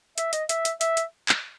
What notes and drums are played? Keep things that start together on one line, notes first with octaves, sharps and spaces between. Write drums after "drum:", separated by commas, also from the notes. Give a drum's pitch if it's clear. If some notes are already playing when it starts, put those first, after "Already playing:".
E5, drum: hi-hat
D#5, drum: hi-hat
E5, drum: hi-hat
drum: hi-hat
E5, drum: hi-hat
drum: hi-hat
drum: clap